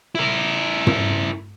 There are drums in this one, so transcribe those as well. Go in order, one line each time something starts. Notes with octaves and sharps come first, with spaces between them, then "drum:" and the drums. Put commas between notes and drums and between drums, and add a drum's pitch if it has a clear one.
E4 A#4
drum: tom